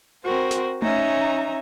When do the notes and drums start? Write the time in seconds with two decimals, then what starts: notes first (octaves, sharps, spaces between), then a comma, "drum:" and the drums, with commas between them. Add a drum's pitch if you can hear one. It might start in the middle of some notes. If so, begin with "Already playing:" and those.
0.23 C4 F#4 A#4 C5
0.51 drum: snare
0.82 C#4 D#4 E5 A#5, drum: tom A3